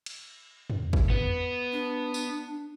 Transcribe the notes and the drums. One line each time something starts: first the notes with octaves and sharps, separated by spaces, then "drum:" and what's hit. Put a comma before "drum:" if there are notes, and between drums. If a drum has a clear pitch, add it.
drum: cymbal
drum: tom
drum: kick
B3, drum: tom
D4
drum: tambourine